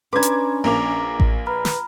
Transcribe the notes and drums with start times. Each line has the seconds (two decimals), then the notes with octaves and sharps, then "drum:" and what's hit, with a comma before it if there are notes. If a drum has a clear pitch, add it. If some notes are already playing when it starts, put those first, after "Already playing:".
0.13 C#4 D4 B4 A#5 C6 D6 G#6
0.23 drum: hi-hat
0.64 A#1 A#3 A#5 D6 F7
1.20 drum: kick A1
1.47 B4 A#5 B5 F6
1.65 drum: snare